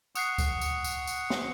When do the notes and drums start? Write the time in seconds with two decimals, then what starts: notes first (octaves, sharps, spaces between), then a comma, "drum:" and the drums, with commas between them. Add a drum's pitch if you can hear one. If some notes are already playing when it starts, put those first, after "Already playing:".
0.15 F#5 C#6 D#6 F#6 C7, drum: tambourine
0.38 drum: kick C#2, tambourine
0.61 drum: tambourine
0.84 drum: tambourine
1.07 drum: tambourine
1.30 drum: snare